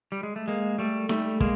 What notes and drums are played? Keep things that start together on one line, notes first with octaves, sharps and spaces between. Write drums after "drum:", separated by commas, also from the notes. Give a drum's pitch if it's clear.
G3
G#3
A3
G#3 A#3
G3 A3
G3 A3, drum: snare D#4
G#3 A#3, drum: kick